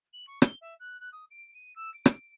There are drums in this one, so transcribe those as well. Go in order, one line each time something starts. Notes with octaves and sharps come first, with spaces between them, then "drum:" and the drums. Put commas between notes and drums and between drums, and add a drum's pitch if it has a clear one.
F#7
C#6
G7, drum: rim click
E5
F#6
F#6
D#6
D7
D#7
E6
D7
D7, drum: rim click